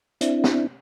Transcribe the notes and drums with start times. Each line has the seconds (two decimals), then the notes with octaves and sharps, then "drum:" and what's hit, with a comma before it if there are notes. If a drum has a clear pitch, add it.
0.21 C4 D4 E4, drum: hi-hat
0.44 drum: snare